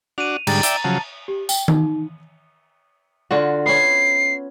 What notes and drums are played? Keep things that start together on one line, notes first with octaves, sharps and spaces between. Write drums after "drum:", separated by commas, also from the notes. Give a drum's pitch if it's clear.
D4 F#4 D#7 F7
G#2 D3 G3 A#5 A6, drum: cymbal
D5 E5 G5, drum: hi-hat
C#3 F3 F#3 A5
G4
G5, drum: tambourine
D#4, drum: tom D#3
D3 F4 F#4
B3 C#4 C7